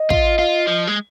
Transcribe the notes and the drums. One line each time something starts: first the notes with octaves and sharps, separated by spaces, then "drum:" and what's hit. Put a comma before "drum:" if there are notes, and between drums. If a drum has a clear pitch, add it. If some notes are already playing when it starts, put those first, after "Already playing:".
Already playing: D#5
F4, drum: kick
F4
F3
G#3